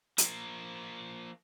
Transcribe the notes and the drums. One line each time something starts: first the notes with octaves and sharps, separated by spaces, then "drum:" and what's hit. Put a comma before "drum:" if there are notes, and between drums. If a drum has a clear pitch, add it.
F3 A#3, drum: hi-hat